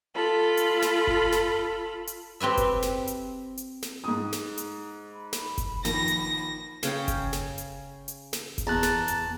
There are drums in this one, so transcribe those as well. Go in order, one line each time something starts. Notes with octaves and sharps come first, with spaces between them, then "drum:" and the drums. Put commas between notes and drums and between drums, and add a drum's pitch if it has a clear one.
F4 A4 B5
drum: hi-hat
drum: snare
drum: kick F#1
drum: snare
drum: hi-hat
C4 G4 B4 E5
drum: kick F#1, hi-hat
drum: snare
drum: hi-hat
drum: hi-hat
drum: snare
G#2 D#6
drum: snare
drum: hi-hat
B5
drum: snare
drum: kick F#1, hi-hat
A#2 D#3 F3 A#6, drum: snare
drum: hi-hat
C#3 C#4 G5, drum: snare
drum: kick F#1, hi-hat
drum: snare
drum: hi-hat
drum: hi-hat
drum: snare
drum: kick F#1, hi-hat
E2 A5 A#5 F#6 A6
drum: snare
drum: hi-hat